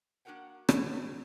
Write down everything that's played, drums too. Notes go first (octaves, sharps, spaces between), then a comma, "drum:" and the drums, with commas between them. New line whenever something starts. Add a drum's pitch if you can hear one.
A#3 D4 F#4 A#4 F#5 G5
drum: rim click